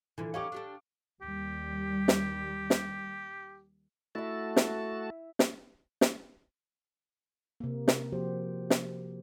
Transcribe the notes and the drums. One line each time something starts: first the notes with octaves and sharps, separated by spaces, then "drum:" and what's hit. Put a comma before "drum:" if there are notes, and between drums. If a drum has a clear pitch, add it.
A#2 D3 E3
C#4 D#4 G4 F5 C#6 D6
D4 G4 A4
D#2 G3 G4
drum: snare
drum: snare
A3 E4 F#4 E5 A5
drum: snare
drum: snare
drum: snare
C3 A#3
drum: snare
F3 A#3 F#4 G4 C5
drum: snare